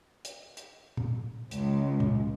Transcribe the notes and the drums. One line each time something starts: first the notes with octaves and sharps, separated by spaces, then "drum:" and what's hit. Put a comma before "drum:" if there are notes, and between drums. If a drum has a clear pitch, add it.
drum: hi-hat
drum: hi-hat
drum: tom
C#2, drum: hi-hat
drum: tom